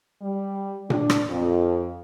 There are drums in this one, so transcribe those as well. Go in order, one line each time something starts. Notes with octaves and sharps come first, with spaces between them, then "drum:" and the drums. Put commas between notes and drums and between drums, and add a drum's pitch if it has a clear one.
G3
D4, drum: tom A#2
drum: rim click
F2